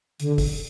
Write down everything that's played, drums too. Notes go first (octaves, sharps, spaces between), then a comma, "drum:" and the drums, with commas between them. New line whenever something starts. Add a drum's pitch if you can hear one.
D3, drum: hi-hat
drum: kick, open hi-hat